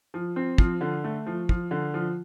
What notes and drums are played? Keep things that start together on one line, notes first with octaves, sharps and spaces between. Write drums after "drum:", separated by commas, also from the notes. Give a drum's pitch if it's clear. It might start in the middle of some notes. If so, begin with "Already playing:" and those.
F3
C4
F3, drum: kick
D3
A3
F3
F3, drum: kick
D3
F3